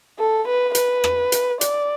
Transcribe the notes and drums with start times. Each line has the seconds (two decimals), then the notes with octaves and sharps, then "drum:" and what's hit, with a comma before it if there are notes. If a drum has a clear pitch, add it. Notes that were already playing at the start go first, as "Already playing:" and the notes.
0.19 A4
0.47 B4
0.75 B4, drum: hi-hat
1.04 drum: rim click
1.32 drum: hi-hat
1.61 D5, drum: hi-hat